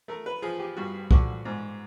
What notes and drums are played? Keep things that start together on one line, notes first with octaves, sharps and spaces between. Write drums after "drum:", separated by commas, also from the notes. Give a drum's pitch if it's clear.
A3 A#4
B4
F3 G#4
G4
G2 F#4
D3 F#4, drum: kick
G#2